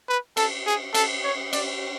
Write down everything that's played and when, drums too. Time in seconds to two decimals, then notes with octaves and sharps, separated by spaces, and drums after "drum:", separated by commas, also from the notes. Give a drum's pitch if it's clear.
0.09 B4
0.37 A4, drum: cymbal
0.66 G#4
0.94 A4, drum: cymbal
1.24 C#5
1.53 D5, drum: cymbal